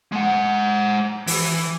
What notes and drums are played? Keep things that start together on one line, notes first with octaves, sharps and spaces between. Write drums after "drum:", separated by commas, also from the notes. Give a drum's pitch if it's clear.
G#3 F#5
E3, drum: open hi-hat